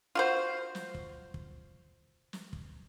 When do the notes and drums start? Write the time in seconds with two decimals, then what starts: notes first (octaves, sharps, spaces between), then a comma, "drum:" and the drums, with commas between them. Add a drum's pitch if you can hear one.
0.15 F4 F#4 C5
0.75 drum: snare
0.95 drum: kick
1.34 drum: kick
2.33 drum: snare
2.53 drum: kick